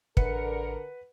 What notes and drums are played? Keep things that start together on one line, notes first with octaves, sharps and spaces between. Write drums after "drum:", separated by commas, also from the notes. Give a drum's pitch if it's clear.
A1 D3 A#4 B4 F#5 C#7, drum: kick